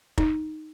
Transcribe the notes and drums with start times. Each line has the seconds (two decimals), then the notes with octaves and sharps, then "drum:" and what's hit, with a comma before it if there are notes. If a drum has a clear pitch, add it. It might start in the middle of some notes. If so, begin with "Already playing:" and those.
0.18 D#4, drum: kick